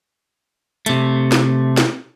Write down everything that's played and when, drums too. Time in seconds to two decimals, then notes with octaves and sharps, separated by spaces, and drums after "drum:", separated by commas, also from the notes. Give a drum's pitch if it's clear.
0.86 C3 A3, drum: hi-hat
1.32 drum: snare
1.77 drum: snare